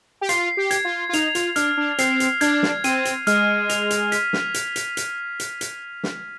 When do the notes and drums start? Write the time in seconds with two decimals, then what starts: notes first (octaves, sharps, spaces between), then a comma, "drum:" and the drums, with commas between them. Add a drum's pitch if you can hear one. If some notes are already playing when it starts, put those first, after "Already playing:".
0.21 G4
0.29 F4 C7, drum: hi-hat
0.57 G4
0.71 G#6, drum: hi-hat
0.85 F4
1.09 F4
1.13 D#4 F7, drum: hi-hat
1.35 F4, drum: hi-hat
1.56 D4 F6, drum: hi-hat
1.77 D4
1.98 C4 C7, drum: hi-hat
2.20 drum: hi-hat
2.41 D4 G#6, drum: hi-hat
2.63 drum: snare
2.84 C4 D#7, drum: hi-hat
3.05 drum: hi-hat
3.27 G#3 F6, drum: hi-hat
3.69 F7, drum: hi-hat
3.90 drum: hi-hat
4.12 B6, drum: hi-hat
4.33 drum: snare
4.54 drum: hi-hat
4.76 drum: hi-hat
4.97 drum: hi-hat
5.40 drum: hi-hat
5.61 drum: hi-hat
6.03 drum: snare